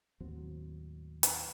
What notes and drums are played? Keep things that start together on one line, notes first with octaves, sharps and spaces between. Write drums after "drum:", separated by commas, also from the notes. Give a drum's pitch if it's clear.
D#2 A2 F#3 C4
drum: hi-hat